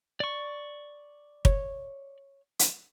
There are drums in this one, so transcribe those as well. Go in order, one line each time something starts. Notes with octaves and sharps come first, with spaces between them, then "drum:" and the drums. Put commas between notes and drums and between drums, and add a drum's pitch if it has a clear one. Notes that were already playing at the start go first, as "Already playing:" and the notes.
D5 C#6
C#5, drum: kick
drum: hi-hat